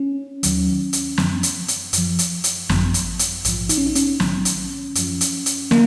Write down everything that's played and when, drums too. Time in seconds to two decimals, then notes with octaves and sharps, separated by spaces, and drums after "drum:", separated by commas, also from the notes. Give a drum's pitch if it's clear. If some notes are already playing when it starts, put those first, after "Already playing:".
Already playing: C#4
0.43 D#2 D#3 F#3, drum: hi-hat
0.93 drum: hi-hat
1.18 F#2 F3, drum: snare
1.43 drum: hi-hat
1.68 drum: hi-hat
1.93 F#2, drum: hi-hat
1.98 F3
2.19 drum: hi-hat
2.44 drum: hi-hat
2.69 G#1 F#2 F3, drum: snare
2.94 drum: hi-hat
3.19 drum: hi-hat
3.45 A#1 G#2 F3, drum: hi-hat
3.69 D#4, drum: hi-hat
3.78 C#4
3.86 D#4
3.95 C#4, drum: hi-hat
4.20 A#1 G#2 D#3 F#3, drum: snare
4.45 drum: hi-hat
4.95 F#2 F3, drum: hi-hat
5.21 drum: hi-hat
5.46 drum: hi-hat
5.71 A#3, drum: snare